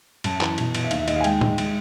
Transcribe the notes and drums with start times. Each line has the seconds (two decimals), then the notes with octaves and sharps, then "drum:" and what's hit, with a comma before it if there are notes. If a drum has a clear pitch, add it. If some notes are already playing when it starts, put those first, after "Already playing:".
0.24 F#2 A5, drum: cymbal
0.41 E3, drum: clap
0.58 B2, drum: cymbal
0.75 B2, drum: cymbal
0.84 E5
0.91 D#2 F5, drum: cymbal
0.99 E5
1.08 D#2 D#5, drum: cymbal
1.16 F5
1.21 G#5
1.24 G#3 G5, drum: cymbal
1.41 G#3, drum: tom A2
1.58 G#3, drum: cymbal